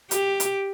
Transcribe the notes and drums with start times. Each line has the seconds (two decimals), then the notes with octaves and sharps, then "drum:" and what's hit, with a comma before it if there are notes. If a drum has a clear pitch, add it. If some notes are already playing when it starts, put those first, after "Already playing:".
0.11 G4, drum: hi-hat
0.40 drum: hi-hat